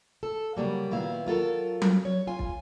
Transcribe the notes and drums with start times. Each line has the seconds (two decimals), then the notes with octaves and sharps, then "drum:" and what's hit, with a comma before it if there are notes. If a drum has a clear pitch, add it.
0.23 A4
0.57 C#3 F#3 G3 A#3
0.91 A#2 D#3 B3 E4 F5
1.26 F#3 F4 A4 A#4
1.82 drum: tom F#3
2.05 C#5
2.27 F4 G#5
2.39 drum: kick